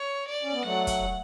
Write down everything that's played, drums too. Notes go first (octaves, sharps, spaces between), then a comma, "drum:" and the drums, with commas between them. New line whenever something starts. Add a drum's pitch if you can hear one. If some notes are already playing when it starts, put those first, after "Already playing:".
Already playing: C#5
D5
C#4
B3
F#3 A3 F#5
drum: kick, hi-hat